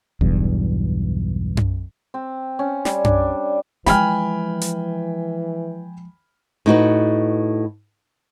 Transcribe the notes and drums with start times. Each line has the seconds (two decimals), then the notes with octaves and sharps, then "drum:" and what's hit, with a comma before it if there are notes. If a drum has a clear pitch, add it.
0.21 B1 E2 G2, drum: kick D#1
1.57 drum: tom F#2
2.14 C4
2.59 C#4
2.85 G3, drum: snare
3.04 D4, drum: tom F#2
3.86 E3 F3 G#3 G5 G#5 B5 F6, drum: snare
4.62 drum: hi-hat
6.66 A2 D#4 F#4 B4